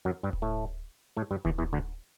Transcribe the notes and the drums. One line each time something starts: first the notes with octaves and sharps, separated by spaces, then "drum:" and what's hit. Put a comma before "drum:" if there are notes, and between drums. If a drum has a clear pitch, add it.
F#2 F#3
G2 G3
drum: kick D1
A2 A3
A2 A3
G2 G3
E2 E3, drum: kick D1
E2 E3
D2 D3